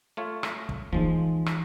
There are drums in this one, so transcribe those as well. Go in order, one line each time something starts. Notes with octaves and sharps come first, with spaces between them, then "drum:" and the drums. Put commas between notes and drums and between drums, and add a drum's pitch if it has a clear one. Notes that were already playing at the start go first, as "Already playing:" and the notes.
A3 F4 C#5
drum: rim click
drum: kick
E3 F3 G#3 D#4
drum: rim click